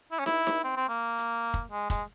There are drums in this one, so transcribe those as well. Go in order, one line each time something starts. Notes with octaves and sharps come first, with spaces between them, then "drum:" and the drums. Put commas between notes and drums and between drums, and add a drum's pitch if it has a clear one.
E4
C#4
E4, drum: snare
drum: snare
C4
C4
A#3
drum: hi-hat
drum: kick
G#3
G#3, drum: kick, hi-hat